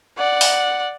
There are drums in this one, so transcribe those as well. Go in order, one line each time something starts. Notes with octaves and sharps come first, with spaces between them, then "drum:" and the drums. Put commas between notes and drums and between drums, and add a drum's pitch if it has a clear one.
D5 F#5
drum: open hi-hat